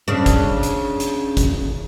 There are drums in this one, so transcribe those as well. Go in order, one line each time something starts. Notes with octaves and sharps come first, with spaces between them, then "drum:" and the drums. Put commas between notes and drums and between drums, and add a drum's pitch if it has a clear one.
C#3 D4
drum: kick, hi-hat
drum: hi-hat
drum: hi-hat
drum: kick, hi-hat